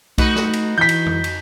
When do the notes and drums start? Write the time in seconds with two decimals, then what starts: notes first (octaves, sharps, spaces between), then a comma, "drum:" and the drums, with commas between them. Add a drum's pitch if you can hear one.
0.18 A3 D#4 F#4 B4, drum: kick B1, cymbal
0.36 drum: snare
0.53 drum: cymbal
0.78 E3 G6 B6
0.89 drum: cymbal
1.06 drum: tom F2
1.24 drum: cymbal